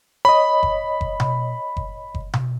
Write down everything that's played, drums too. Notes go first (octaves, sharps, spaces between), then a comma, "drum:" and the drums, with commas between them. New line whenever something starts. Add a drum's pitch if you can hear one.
C#5 D#5 B5
drum: kick F#1
drum: kick F#1
drum: tom B2
drum: kick F#1
drum: kick F#1
drum: tom B2